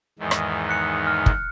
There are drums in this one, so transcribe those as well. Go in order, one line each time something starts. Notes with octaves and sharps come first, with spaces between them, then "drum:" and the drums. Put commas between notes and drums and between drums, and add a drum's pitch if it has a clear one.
E2 G#2 D#3
drum: rim click
F#6 C#7
F6
drum: kick